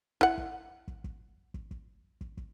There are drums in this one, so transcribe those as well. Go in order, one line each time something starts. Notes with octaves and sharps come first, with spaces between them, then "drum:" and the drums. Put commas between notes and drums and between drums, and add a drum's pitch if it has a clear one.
E4 F#5, drum: kick
drum: kick
drum: kick
drum: kick
drum: kick
drum: kick
drum: kick
drum: kick